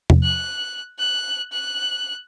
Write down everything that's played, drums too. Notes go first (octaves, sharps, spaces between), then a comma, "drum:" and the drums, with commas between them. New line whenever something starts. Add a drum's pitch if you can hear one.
drum: tom
F#6
F#6
F#6